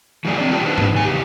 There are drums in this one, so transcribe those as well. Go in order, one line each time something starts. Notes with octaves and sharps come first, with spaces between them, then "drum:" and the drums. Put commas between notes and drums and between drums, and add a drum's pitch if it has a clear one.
E3 F#3 G3 A#3 G#4 D5
C4 D4 D5
D#3 F4 G4 G5 A5
A#3 D4 D#4 B4 C5
drum: tom G#2
C#3 G#5
E2 G4